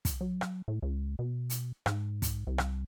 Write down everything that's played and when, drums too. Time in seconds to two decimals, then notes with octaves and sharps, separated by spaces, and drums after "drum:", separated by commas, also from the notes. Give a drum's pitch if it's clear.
0.05 drum: kick, hi-hat
0.21 F#3
0.41 drum: rim click
0.68 A2
0.82 C#2
1.19 B2
1.50 drum: hi-hat
1.86 G#2, drum: rim click
2.22 drum: kick, hi-hat
2.47 C2
2.58 drum: rim click